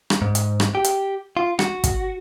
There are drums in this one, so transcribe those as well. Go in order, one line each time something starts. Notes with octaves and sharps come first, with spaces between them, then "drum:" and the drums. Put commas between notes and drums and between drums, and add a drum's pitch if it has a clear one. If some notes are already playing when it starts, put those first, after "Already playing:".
drum: rim click
G#2
drum: hi-hat
drum: rim click
G4
drum: hi-hat
F4
F#4, drum: rim click
drum: kick, hi-hat